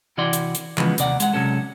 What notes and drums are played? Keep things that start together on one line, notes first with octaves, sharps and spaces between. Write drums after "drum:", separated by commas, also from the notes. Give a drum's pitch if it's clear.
C3 E3 E4 F#4 D5 C6
drum: hi-hat
drum: hi-hat
C#3 E3 F3 G#3 B3, drum: clap
D#2 C3 D5 F#5, drum: hi-hat
G#3 F#5, drum: hi-hat
C3 F#3 G#3 C#4 A4